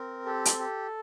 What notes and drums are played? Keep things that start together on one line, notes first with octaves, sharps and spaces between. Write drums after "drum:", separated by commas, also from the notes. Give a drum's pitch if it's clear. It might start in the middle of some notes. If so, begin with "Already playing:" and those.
Already playing: C4 A#4
G4 A4
drum: hi-hat
G4